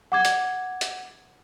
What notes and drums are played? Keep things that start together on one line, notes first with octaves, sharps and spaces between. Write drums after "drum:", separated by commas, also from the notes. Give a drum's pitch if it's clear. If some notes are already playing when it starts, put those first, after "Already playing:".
F#5 D6 G#6
drum: hi-hat
drum: hi-hat